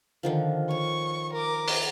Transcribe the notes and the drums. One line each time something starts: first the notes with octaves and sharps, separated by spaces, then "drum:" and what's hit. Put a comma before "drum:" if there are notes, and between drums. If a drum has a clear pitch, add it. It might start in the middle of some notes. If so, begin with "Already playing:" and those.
D3 D#3 F3
C#5 C#6
A#4 D6
drum: open hi-hat